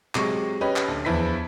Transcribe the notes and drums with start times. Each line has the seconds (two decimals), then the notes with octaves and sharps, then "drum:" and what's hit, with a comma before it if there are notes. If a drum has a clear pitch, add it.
0.15 C3 F#3 G#3 C#6, drum: clap
0.61 C#4 G4 B4 D#5
0.76 drum: clap
0.88 D2
1.05 E2 F3 E4 B4 B6